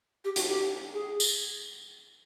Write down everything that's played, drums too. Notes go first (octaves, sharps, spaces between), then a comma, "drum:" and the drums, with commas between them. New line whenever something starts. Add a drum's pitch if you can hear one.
G4
F#4, drum: hi-hat
G4
G#4
drum: tambourine